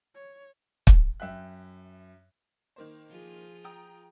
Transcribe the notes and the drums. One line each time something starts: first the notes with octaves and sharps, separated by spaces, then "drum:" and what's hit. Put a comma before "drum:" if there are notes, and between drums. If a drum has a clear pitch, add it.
C#5
drum: kick
F#2 E5 G5 F#6
D#3 A#3 C5
F3 F4 G#4
G5 A#5 D#6